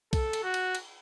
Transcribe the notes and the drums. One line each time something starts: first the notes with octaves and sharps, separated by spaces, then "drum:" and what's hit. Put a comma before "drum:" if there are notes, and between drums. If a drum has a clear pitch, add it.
A4, drum: kick B1, cymbal
drum: cymbal
F#4
drum: cymbal
drum: cymbal